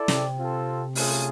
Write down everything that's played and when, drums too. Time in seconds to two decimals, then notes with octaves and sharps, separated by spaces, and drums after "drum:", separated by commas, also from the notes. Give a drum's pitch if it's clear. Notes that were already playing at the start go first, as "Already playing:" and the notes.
Already playing: E4 A4 D5
0.08 C3, drum: snare
0.38 C4 F4 A4
0.95 A3 C#4 F4 G#4, drum: open hi-hat